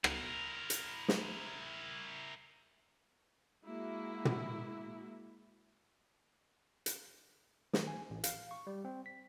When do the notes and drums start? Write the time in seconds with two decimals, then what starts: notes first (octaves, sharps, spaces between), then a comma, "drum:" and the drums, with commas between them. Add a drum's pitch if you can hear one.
0.04 E4 A#4, drum: rim click
0.70 drum: hi-hat
1.08 drum: snare
3.66 G#3 A#3 E4 F#4
4.25 drum: tom
6.86 drum: hi-hat
7.73 D#3, drum: snare
7.87 G#5
8.10 A1
8.24 F5, drum: hi-hat
8.51 C#6
8.67 G3
8.85 C4
9.06 B6